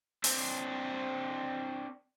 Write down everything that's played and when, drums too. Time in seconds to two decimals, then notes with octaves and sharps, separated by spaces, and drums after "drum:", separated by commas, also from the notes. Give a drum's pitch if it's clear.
0.24 C4 D4, drum: open hi-hat